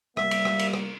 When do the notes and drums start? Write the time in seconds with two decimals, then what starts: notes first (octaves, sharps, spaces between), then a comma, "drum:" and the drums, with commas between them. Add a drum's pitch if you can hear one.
0.17 G3 A#3 E5, drum: rim click
0.31 drum: cymbal
0.45 drum: rim click
0.59 drum: cymbal
0.73 drum: rim click